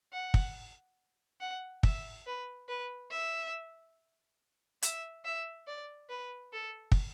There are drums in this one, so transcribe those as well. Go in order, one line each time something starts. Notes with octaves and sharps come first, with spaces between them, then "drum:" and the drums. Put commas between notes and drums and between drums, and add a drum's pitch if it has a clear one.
F#5
drum: kick
F#5
E5, drum: kick
B4
B4
E5
E5, drum: hi-hat
E5
D5
B4
A4
drum: kick